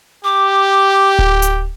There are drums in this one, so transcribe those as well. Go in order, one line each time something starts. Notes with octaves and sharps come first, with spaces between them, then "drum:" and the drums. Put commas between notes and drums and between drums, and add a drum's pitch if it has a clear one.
G4 D6
drum: kick D1
drum: hi-hat